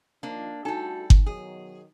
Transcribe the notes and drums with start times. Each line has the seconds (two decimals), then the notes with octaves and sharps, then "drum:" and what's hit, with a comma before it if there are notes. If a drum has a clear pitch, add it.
0.23 D#3 F3 A#3 D4
0.65 G3 A3 D#4 E4 F#4 A4 G#5
1.10 drum: kick G1
1.26 B2 D#3 F#3 G#4